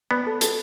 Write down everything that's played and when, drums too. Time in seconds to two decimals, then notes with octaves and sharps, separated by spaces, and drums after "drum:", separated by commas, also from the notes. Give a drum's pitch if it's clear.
0.11 B3 D5
0.26 A4
0.41 A4, drum: hi-hat